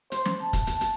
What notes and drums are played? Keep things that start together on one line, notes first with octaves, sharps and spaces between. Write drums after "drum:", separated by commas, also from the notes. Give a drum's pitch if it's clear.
C5, drum: hi-hat
drum: snare
A5
drum: kick, hi-hat
drum: hi-hat
drum: hi-hat